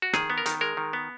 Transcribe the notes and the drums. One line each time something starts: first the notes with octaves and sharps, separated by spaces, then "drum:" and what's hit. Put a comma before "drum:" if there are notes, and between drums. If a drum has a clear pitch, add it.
F#4
D#3 G#4, drum: rim click
B3
A#4
D#3, drum: hi-hat
G#3 A#4
D#3
B3